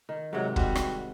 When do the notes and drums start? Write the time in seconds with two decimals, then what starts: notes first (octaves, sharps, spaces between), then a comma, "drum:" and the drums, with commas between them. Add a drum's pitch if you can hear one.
0.09 D#3
0.33 G#2 C3 F#3
0.56 G3 C4 F#4, drum: kick
0.75 drum: rim click